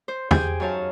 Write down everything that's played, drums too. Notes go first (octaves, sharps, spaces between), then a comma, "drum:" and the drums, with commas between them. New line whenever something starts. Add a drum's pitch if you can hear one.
C5
G4 G#4 C5 G5 G#5, drum: tom
F#2 D#4 C#5 F5 A5